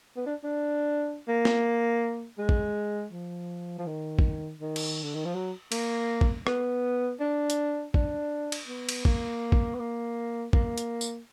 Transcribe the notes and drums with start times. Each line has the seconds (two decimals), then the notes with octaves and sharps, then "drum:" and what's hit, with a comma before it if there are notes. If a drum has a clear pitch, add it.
0.17 B3
0.26 D4
0.44 D4
1.28 A#3
1.45 drum: snare
2.39 G#3
2.49 drum: kick
3.12 F3
3.79 F3
3.86 D#3
4.19 drum: kick
4.61 D#3
4.76 drum: cymbal
5.03 D3
5.14 D#3
5.25 F3
5.35 F#3
5.72 A#3, drum: cymbal
6.21 drum: kick
6.47 B3, drum: rim click
7.20 D4
7.50 drum: hi-hat
7.94 D4, drum: kick
8.52 drum: cymbal
8.67 B3
8.89 drum: cymbal
9.05 A#3, drum: kick
9.52 drum: kick
9.74 B3
9.80 A#3
10.53 A#3, drum: kick
10.78 drum: hi-hat
11.01 drum: tambourine